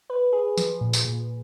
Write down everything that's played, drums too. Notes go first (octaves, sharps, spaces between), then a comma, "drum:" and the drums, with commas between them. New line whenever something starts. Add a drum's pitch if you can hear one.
B4
G#4
F3, drum: tambourine
A#2
drum: tambourine
A#2